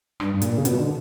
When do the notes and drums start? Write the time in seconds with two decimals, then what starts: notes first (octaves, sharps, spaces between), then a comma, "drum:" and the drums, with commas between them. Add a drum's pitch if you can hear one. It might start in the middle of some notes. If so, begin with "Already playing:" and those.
0.20 G2, drum: rim click
0.34 G2
0.42 A#2, drum: hi-hat
0.58 C#3
0.65 B2, drum: hi-hat
0.80 D3